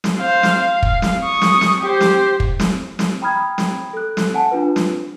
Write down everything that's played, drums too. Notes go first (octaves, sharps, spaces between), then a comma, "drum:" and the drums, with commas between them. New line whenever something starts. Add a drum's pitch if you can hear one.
drum: snare
C5 F5
drum: snare
F5
drum: kick
drum: snare
C#6 D#6
drum: snare
drum: snare
G4 C5
drum: snare
drum: kick
drum: snare
drum: snare
G5 A#5 B5 D#6 F6 G#6
drum: snare
A4 F#6
drum: snare
F#5 G#5 A5
D4 F4 B4
drum: snare